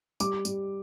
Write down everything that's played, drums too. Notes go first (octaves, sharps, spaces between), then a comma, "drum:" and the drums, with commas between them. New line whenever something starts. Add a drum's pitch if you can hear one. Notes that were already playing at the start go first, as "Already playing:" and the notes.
G3 D6, drum: tambourine
G3, drum: tambourine